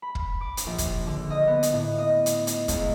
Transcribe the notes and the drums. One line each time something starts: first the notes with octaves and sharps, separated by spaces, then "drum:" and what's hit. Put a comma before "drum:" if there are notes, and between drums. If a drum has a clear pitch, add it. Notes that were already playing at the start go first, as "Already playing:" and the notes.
B5
drum: kick
D6
drum: hi-hat
A#1
drum: kick, hi-hat
D3
D#5
B3
drum: hi-hat
A2
D#5
drum: hi-hat
drum: hi-hat
C#2, drum: kick, hi-hat